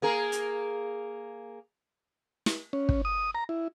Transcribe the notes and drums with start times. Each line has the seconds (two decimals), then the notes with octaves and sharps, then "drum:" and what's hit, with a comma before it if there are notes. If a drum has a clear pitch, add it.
0.02 A#3 G#4 A#4
0.32 drum: hi-hat
2.46 drum: snare
2.73 C#4
2.89 drum: kick
3.05 D#6
3.35 A#5
3.49 E4